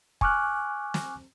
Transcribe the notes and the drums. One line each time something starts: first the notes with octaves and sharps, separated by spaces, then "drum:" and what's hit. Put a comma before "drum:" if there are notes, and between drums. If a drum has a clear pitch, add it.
G#5 C#6 D6 F6 F#6, drum: kick
drum: snare